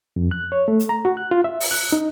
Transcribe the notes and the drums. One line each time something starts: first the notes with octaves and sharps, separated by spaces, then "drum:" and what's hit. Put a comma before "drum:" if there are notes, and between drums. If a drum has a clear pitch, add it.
F2
F#6
C#5
A3
drum: hi-hat
A#5
F#4
F#6
F4
E5
drum: open hi-hat
F#6
D#4